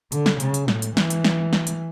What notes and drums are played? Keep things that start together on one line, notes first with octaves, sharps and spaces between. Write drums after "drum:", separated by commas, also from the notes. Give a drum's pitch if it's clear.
D3, drum: hi-hat
drum: snare
C#3, drum: hi-hat
drum: hi-hat
A2, drum: snare
drum: hi-hat
E3, drum: snare
drum: hi-hat
drum: snare
drum: snare
drum: hi-hat